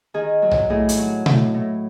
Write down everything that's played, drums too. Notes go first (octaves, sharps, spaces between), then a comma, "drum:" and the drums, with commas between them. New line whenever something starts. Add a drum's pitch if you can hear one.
D#3 G#4
F#3
drum: tom B1
A2 G#4
drum: hi-hat
F#3
A2, drum: tom B2
A2